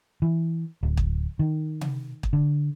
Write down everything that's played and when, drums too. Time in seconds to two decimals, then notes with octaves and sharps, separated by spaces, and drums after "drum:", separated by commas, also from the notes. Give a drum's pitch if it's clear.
0.22 E3
0.83 D1
0.97 drum: kick
1.39 D#3
1.81 drum: tom C3
2.23 drum: kick
2.33 D3